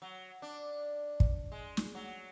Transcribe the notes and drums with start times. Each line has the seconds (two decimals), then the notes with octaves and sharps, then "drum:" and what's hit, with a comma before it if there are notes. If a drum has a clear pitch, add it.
0.02 F#3
0.42 D4
1.20 drum: kick
1.52 G#3
1.77 drum: snare
1.95 F#3